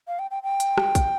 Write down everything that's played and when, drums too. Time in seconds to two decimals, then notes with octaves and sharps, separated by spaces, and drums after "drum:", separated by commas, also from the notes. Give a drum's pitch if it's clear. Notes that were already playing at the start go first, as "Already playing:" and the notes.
0.08 F5
0.19 G5
0.31 G5
0.43 G5
0.60 drum: hi-hat
0.78 drum: rim click
0.95 drum: kick, hi-hat